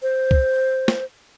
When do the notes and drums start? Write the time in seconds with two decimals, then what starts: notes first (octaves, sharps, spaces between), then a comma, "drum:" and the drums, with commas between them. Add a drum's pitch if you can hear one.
0.02 C5
0.31 drum: kick C2
0.88 drum: snare